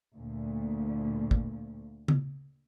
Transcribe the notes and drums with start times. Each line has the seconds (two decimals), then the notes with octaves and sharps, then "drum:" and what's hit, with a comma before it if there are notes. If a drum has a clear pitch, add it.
0.15 D2 A#2 F3
1.31 drum: kick
2.08 drum: tom C#3